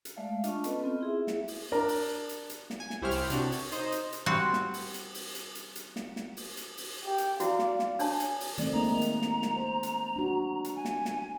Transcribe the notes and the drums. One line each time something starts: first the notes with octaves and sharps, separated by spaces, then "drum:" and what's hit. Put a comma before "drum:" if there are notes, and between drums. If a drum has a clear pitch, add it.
drum: hi-hat
G#3 A3 D5 E5 F5
D4 F4 D#5 A5 C#6, drum: hi-hat
B3 C#4 A4 B4 D#5, drum: hi-hat
B3 C4 F4
E4 G#4 E5
drum: snare
drum: open hi-hat
D4 A#4 A#5
drum: open hi-hat
drum: hi-hat
drum: hi-hat
drum: snare
G#5
drum: snare
C2 E4 G4 C5 C#5 F6
drum: open hi-hat
C3 D4 F#4, drum: hi-hat
C#5, drum: open hi-hat
D#4 C5 D#5, drum: hi-hat
drum: hi-hat
drum: hi-hat
G3 C4 F#4
drum: snare
drum: open hi-hat
drum: hi-hat
drum: open hi-hat
drum: hi-hat
drum: hi-hat
drum: hi-hat
drum: snare
drum: snare
drum: open hi-hat
drum: hi-hat
drum: open hi-hat
G4 G5
drum: hi-hat
E4 F#4 D5 F5, drum: hi-hat
drum: snare
drum: snare
D4 C#5 G#5 A5, drum: open hi-hat
drum: hi-hat
drum: open hi-hat
D#3 A3 C4 D5, drum: hi-hat
G#3 A#3 D#4 A#5
drum: hi-hat
drum: snare
drum: snare
C5
drum: hi-hat
D4 F#4
drum: hi-hat
G#5
drum: snare
drum: snare